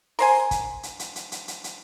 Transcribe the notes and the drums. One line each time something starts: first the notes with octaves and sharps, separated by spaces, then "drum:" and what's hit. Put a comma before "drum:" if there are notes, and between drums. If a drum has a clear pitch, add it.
A#4 C5 G#5, drum: open hi-hat
drum: kick, hi-hat
drum: hi-hat
drum: hi-hat
drum: hi-hat
drum: hi-hat
drum: hi-hat
drum: hi-hat